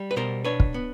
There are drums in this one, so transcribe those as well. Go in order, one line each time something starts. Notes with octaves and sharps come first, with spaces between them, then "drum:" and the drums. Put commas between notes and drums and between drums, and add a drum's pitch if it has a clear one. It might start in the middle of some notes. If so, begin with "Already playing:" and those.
Already playing: G3
B4
B2 A#4 C5
D4 B4 C#5
drum: kick
B3